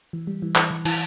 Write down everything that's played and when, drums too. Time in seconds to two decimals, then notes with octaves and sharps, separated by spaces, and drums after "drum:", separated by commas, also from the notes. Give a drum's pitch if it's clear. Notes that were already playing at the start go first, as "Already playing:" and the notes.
0.13 E3
0.27 G3
0.42 E3
0.56 E3, drum: clap
0.71 E3
0.85 E3, drum: cymbal